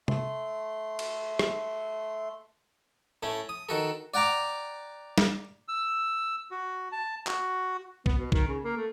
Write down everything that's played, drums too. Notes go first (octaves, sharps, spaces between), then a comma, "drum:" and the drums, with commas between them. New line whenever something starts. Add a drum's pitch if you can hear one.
A3 C6, drum: tom C3
drum: cymbal
drum: rim click
A2 A3 C#4
D#6
D#3 F#4 A4
D5 F#5 G5 A#5 D6
drum: snare
E6
F#4
A5
F#4, drum: clap
B3, drum: kick B1
B2
D#3, drum: kick B1
C#3
A#3
A3